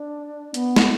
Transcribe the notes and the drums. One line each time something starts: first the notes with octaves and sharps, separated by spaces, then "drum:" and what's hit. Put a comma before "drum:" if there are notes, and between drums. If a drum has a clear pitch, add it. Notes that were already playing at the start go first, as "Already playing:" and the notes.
Already playing: D4
B3, drum: hi-hat
drum: snare